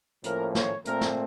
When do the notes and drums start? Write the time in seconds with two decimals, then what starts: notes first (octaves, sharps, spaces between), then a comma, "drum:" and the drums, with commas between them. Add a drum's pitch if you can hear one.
0.24 A2 F3 A#3 C#4 A#4, drum: hi-hat
0.55 C#5, drum: snare
0.85 A#2 A3 C4 A#4, drum: hi-hat
1.01 drum: snare